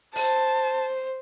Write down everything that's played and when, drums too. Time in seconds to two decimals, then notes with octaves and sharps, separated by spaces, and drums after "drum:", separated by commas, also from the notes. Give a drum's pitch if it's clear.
0.16 C5 A5, drum: open hi-hat